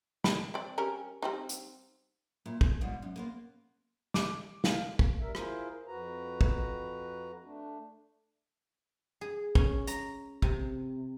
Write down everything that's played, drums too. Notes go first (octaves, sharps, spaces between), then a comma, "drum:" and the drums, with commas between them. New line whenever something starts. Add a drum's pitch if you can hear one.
B5, drum: snare
C4 D5
G3 C#4 A#4
G3 C4 D#4
drum: hi-hat
A#2 E4
G#4, drum: kick
G#2 B2 G3 F4
F#2
A#3 B3 C5
D6, drum: snare
F5, drum: snare
drum: kick
E2 G2 G3 A#4 E5
E4 F4 G#4 A#4 C5, drum: rim click
F2 F#4 B4 A#5
drum: kick
A3 D4
G#4
C#4, drum: kick
A#5, drum: hi-hat
C3, drum: kick